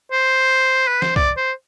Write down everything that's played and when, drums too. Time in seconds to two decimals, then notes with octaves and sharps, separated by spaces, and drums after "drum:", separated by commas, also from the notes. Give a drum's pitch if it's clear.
0.12 C5
0.88 B4
1.02 C5, drum: snare
1.16 D5, drum: kick C2
1.37 C5